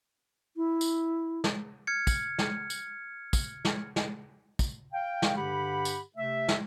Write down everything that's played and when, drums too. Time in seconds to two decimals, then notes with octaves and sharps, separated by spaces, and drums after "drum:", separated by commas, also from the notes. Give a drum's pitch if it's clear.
0.57 E4
0.81 drum: tambourine
1.44 drum: snare
1.87 F6 G#6 C#7
2.07 drum: kick, tambourine
2.39 drum: snare
2.70 drum: tambourine
3.33 drum: kick, tambourine
3.65 drum: snare
3.96 drum: snare
4.59 drum: kick, tambourine
4.93 F5 G5
5.22 drum: snare
5.37 G2 D3 G4 F#5 B5
5.85 drum: tambourine
6.17 C3 A3 E5
6.48 drum: snare